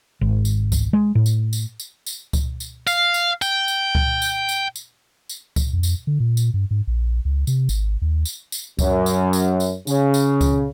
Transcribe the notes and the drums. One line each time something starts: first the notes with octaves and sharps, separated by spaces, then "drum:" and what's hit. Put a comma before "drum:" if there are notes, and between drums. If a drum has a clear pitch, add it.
G#1
drum: tambourine
drum: kick C#2, tambourine
G#3
A2
drum: tambourine
drum: tambourine
drum: tambourine
drum: tambourine
drum: kick C#2, tambourine
drum: tambourine
F5, drum: tambourine
drum: tambourine
G5, drum: tambourine
drum: tambourine
drum: kick C#2
drum: tambourine
drum: tambourine
drum: tambourine
drum: tambourine
drum: kick C#2, tambourine
F2
drum: tambourine
D3
A#2
drum: tambourine
G2
G#2
A#1
C#2
C3, drum: tambourine
G#1, drum: tambourine
D#2
drum: tambourine
drum: tambourine
F#2, drum: kick C#2, tambourine
drum: tambourine
drum: tambourine
drum: tambourine
C#3, drum: tambourine
drum: tambourine
drum: kick C#2, tambourine